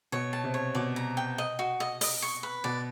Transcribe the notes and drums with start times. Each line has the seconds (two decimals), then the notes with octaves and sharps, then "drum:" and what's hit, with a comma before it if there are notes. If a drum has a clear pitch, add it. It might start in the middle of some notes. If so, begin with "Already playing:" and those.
0.12 B2 C#5
0.33 A5
0.44 C3
0.54 C#5
0.75 B2 D5
0.96 A#5
1.17 G5
1.38 D#5
1.59 F#4
1.80 D#5
2.01 D#5, drum: open hi-hat
2.22 C#6
2.43 B4
2.64 B2 D5